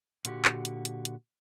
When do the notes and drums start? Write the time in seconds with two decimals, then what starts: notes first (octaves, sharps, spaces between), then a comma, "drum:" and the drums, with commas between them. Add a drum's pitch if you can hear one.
0.25 A#2 D3 F#4 G4, drum: hi-hat
0.45 drum: clap
0.65 drum: hi-hat
0.85 drum: hi-hat
1.05 drum: hi-hat